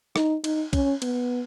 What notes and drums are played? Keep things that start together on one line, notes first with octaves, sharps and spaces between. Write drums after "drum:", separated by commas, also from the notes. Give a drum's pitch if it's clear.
D#4, drum: rim click
D#4, drum: cymbal
C#4, drum: kick, cymbal
B3, drum: cymbal